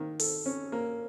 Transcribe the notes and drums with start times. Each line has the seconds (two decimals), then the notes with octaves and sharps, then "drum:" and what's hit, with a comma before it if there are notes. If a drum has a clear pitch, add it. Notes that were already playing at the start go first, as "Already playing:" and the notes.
Already playing: D#3 A#3
0.19 A4, drum: open hi-hat
0.46 C#4
0.72 A#3